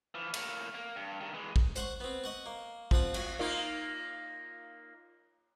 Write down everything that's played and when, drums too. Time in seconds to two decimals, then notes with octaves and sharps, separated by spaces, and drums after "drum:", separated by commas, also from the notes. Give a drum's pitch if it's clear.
0.15 E3 F3
0.34 A2 A#3, drum: cymbal
0.75 A#3
0.96 G2
1.20 G2 D#3
1.34 E3 G#3
1.56 drum: kick
1.76 C5 F#5 C#6, drum: hi-hat
2.00 B3 C4
2.24 D#5 F#5 C#6
2.46 A#3
2.91 F3 C4 F#5 D#6, drum: kick
3.14 F#4 G#5, drum: cymbal
3.39 A#3 D#4 F4